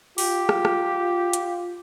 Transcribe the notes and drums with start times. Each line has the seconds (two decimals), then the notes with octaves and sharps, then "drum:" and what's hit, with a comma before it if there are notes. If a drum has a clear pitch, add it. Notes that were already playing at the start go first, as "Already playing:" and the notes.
0.18 F4 G4, drum: open hi-hat
0.49 drum: rim click
0.65 drum: rim click
1.33 drum: hi-hat